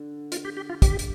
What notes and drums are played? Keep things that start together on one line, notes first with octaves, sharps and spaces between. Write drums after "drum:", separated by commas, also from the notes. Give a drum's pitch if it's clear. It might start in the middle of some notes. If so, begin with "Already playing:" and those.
Already playing: D3
F4, drum: hi-hat
G4
G4
F4
G4, drum: kick, hi-hat
drum: hi-hat